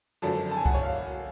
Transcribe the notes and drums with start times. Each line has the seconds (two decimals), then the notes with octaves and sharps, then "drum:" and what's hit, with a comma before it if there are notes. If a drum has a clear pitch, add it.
0.22 G#1 F#2 D3 F3 A5
0.51 A5
0.57 G#5
0.65 F#5, drum: kick C2
0.74 C#5
0.83 F5